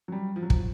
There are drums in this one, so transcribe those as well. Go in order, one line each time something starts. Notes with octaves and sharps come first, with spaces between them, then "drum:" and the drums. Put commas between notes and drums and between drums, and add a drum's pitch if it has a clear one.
F#3
G3
F3
F#3
F3, drum: kick